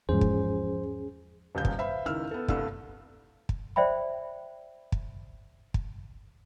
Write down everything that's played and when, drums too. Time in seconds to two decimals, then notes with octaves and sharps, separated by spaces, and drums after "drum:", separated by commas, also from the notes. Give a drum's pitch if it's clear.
0.09 E2 G#2 F3 C#4 G#4 C5
0.21 drum: kick
1.55 D#1 C#2 G6
1.65 drum: kick
1.78 B4 C5 E5 F5 B5
2.06 C#2 D#3 E4 E6 F6
2.31 B3 A4
2.48 C2 G2 A3 E6, drum: kick
3.49 drum: kick
3.76 C5 D5 E5 G5 B5
4.92 drum: kick
5.74 drum: kick